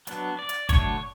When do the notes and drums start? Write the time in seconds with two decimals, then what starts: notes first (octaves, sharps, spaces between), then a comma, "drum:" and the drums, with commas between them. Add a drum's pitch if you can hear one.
0.07 F#3 B3 D4, drum: hi-hat
0.39 D5
0.49 drum: hi-hat
0.69 D3 F#3 A3 D4 C#5, drum: kick, hi-hat